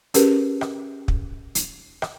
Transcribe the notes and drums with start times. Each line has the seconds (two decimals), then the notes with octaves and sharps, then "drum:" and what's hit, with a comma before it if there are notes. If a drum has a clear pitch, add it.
0.14 C#4 G4 G#4 A#4 B4, drum: hi-hat
0.61 drum: rim click
1.08 drum: kick
1.55 drum: hi-hat
2.02 drum: rim click